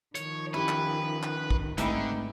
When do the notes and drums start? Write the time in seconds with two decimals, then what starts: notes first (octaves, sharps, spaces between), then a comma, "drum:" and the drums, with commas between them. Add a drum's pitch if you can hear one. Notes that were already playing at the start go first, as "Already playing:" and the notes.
0.15 D#3 F3 C#5, drum: hi-hat
0.54 C#4 E4 G4 B4 G5
0.69 drum: clap
1.23 drum: clap
1.51 drum: kick
1.78 G#2 D3 E3 G3 A3 C4 D#4, drum: hi-hat